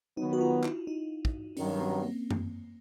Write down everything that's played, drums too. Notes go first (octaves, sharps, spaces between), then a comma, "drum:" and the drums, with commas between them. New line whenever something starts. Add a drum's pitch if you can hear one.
D#3 F#3 B3 D#4
F#4
F4
E4, drum: clap
D#4
drum: kick
G2 D#3 F#3 C#4, drum: open hi-hat
C4
A#3
drum: tom F#2